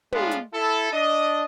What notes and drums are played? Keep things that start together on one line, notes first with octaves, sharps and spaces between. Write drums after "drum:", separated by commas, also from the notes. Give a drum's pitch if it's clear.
A2 G#3 B3 D4 F4, drum: tom
drum: hi-hat
E4 A4
D4 D#5